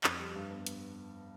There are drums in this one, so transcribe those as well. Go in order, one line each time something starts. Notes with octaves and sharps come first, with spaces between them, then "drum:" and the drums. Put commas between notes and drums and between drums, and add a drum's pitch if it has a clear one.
F2, drum: clap
G3
G2
B3
drum: hi-hat